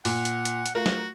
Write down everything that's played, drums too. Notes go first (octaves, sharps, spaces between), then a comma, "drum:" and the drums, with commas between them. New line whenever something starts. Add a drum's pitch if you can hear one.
A#2 F#5, drum: open hi-hat
drum: hi-hat
drum: hi-hat
drum: hi-hat
A3 F4 F#4 A#4
drum: snare